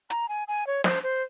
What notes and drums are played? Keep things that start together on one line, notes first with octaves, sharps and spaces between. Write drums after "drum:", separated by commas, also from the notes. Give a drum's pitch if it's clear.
A#5, drum: hi-hat
G#5
G#5
C#5
C5, drum: snare
C5